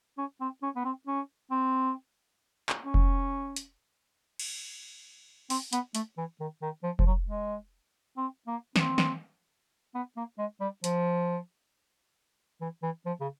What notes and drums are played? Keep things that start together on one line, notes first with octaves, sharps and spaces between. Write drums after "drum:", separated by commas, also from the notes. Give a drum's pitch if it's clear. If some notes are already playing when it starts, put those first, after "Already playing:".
C#4
C4
C#4
B3
C4
C#4
C4
drum: clap
C#4
drum: kick F1
drum: hi-hat
drum: cymbal
C4, drum: open hi-hat
B3, drum: hi-hat
A3, drum: hi-hat
E3
D#3
D#3
F3
F3, drum: kick F1
F#3
G#3
C4
A#3
C4, drum: snare
drum: snare
B3
A#3
G#3
G3
F3, drum: hi-hat
E3
E3
F3
C#3